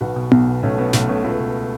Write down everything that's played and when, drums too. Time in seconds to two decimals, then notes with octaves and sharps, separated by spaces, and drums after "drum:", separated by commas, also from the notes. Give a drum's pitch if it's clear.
0.01 B1 F#4 B4
0.16 B2
0.32 B1, drum: tom B3
0.47 B2
0.63 B1 A3 C#4
0.78 B2 B3
0.93 B1 A3, drum: snare
1.09 B2 A3 C#4
1.24 C#2 A3
1.39 B2